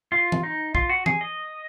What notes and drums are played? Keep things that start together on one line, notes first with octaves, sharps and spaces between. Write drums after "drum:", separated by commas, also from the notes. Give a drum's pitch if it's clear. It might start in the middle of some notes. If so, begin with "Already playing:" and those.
F4
drum: tom
D#4
F4, drum: kick B1
F#4
G#4, drum: tom
D#5